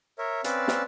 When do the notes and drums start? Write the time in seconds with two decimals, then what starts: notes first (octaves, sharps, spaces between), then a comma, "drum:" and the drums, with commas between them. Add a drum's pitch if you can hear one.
0.18 A#4 C#5 E5
0.44 C4 C#4 B4 D5 F5 E6, drum: hi-hat
0.68 drum: snare